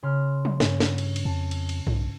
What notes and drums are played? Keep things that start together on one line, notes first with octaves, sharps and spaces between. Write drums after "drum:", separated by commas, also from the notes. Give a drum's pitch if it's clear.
C#3 C6 F6
drum: tom F3
G2 C#4, drum: snare
drum: snare
drum: cymbal
drum: cymbal
F2 A5
drum: cymbal
drum: cymbal
B1, drum: tom G2